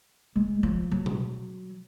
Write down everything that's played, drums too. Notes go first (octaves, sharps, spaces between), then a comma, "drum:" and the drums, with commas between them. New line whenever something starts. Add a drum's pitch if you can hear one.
G#3
F3
F#3
drum: tom B2